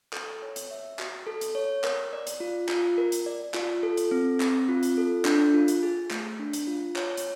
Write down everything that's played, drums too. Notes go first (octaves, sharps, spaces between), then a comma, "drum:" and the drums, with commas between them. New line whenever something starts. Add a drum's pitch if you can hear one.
A4, drum: clap
C#5
drum: hi-hat
E5
F#4, drum: clap
A4
drum: hi-hat
C#5
A#4, drum: clap
D5
drum: hi-hat
F4
F4, drum: clap
A#4
drum: hi-hat
D5
F4, drum: clap
A4
drum: hi-hat
C4
C4, drum: clap
F4
drum: hi-hat
A4
D4, drum: clap
F4
drum: hi-hat
G#4
A3, drum: clap
D4
drum: hi-hat
F4
C#5, drum: clap
drum: hi-hat